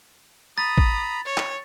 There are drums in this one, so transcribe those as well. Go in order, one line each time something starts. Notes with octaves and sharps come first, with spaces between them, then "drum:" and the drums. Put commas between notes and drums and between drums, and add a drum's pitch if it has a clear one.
A#5 B5 D#6 A6
drum: kick
C#5
drum: clap